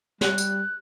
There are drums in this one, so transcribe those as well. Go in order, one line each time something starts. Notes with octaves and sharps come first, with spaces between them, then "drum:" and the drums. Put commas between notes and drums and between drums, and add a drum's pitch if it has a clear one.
G3 F#6, drum: snare
drum: tambourine